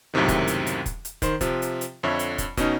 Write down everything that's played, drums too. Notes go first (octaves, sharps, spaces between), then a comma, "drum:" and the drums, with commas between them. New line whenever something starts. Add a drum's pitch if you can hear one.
C#2 F#2 A2 C3 D#3
drum: kick, hi-hat
drum: hi-hat
drum: hi-hat
drum: kick, hi-hat
drum: hi-hat
D#3 C5, drum: kick, hi-hat
C3 F3, drum: kick, hi-hat
drum: hi-hat
drum: hi-hat
F2 D3 C#5 E5
drum: hi-hat
drum: kick, hi-hat
B2 C#4 D#4, drum: kick, hi-hat